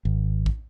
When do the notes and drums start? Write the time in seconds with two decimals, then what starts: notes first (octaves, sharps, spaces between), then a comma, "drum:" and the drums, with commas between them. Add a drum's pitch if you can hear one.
0.05 G#1
0.46 drum: kick A1